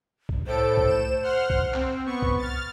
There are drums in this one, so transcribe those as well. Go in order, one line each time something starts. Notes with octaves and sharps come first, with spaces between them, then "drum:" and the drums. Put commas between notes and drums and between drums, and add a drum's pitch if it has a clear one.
drum: kick B1
A2 A4 C5 D7
drum: kick B1
E7
F#5 C6 F6
drum: kick B1
C4, drum: clap
B3 C#6
drum: kick B1
F6 A6